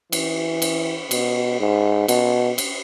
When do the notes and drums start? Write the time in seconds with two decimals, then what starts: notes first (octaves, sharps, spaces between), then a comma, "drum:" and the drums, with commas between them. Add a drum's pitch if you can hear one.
0.12 E3, drum: cymbal
0.62 drum: cymbal
1.11 B2, drum: cymbal
1.60 G#2
2.08 B2, drum: cymbal
2.58 drum: cymbal